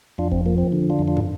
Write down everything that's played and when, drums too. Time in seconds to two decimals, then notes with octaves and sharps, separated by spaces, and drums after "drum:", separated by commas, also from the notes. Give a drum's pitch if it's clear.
0.18 F2 D4 F4
0.32 C4, drum: kick F#1
0.46 F3 A#3
0.58 C4
0.72 D3
0.90 D4 F4
0.99 F2
1.08 D4 F4
1.17 drum: tom